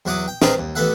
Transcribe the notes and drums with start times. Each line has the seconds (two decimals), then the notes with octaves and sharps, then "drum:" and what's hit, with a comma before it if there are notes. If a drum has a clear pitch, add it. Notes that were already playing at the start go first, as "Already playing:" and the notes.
0.05 E2 F#3 E4 F#5 D6 D#6
0.28 G5
0.42 C4 G#4 A#4 B4 D#5 A#5, drum: snare
0.58 D#2
0.75 A1 E3 B3 A4 E5 F#5